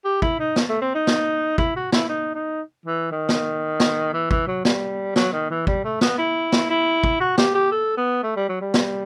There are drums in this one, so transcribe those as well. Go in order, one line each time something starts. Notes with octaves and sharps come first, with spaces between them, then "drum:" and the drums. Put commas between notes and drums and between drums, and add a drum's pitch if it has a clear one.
G4
E4, drum: kick
D#4
drum: snare
A3
C4
D#4
drum: snare
E4, drum: kick
F#4
E4, drum: snare
D#4
D#4
E3
D#3
drum: snare
drum: snare
E3
E3, drum: kick
F#3
G3, drum: snare
F#3, drum: snare
D#3
E3
G3, drum: kick
A3
B3, drum: snare
E4
drum: snare
E4
drum: kick
F#4
G4, drum: snare
G4
A4
B3
A3
G3
F#3
G3
drum: snare